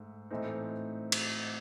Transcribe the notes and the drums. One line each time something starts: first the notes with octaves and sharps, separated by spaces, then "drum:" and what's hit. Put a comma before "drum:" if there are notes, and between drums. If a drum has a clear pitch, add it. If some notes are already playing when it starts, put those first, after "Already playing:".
Already playing: G#2 A3
A2 E3 A3 C4 D#4
drum: cymbal